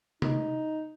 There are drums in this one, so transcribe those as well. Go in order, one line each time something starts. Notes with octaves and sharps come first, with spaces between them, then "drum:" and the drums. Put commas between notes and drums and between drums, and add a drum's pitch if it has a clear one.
D#4, drum: tom C3